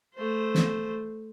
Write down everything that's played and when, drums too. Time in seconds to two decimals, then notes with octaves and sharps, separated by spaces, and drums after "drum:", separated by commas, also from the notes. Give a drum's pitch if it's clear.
0.14 A3 C5
0.55 drum: snare